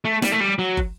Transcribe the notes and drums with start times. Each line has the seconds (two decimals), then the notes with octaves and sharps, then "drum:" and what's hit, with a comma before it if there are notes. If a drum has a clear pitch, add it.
0.05 A3
0.22 G3, drum: snare
0.32 A3
0.40 G3
0.59 F#3
0.77 drum: kick